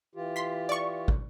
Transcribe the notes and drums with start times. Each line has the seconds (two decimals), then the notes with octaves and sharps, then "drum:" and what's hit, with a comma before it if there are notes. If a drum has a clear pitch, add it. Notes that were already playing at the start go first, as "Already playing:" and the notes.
0.15 E3 F4 G4
0.36 C6 B6
0.69 D5 C#6
1.08 drum: kick